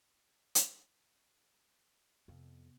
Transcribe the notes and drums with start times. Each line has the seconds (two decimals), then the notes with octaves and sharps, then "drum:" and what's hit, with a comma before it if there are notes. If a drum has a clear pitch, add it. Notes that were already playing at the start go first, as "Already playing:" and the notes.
0.55 drum: hi-hat
2.28 F2 C3 B3